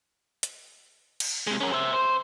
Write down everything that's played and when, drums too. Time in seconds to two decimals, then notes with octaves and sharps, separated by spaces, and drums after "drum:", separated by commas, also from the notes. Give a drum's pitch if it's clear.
0.43 drum: hi-hat
1.20 drum: cymbal
1.47 C3 G#3
1.61 C#4 A#4
1.73 C5 E5
1.92 C5